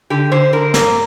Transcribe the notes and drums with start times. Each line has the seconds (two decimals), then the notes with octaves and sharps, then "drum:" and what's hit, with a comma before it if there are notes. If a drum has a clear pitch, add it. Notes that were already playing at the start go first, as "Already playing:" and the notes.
0.10 D3 G4
0.32 D3 C5
0.53 D3 A#4
0.74 A#3, drum: snare